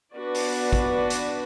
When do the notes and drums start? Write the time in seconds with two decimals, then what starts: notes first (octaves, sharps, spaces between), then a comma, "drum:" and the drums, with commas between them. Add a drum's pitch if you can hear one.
0.16 B3 D4 F#4 B4 D5
0.35 drum: open hi-hat
0.73 drum: kick, hi-hat
1.10 drum: hi-hat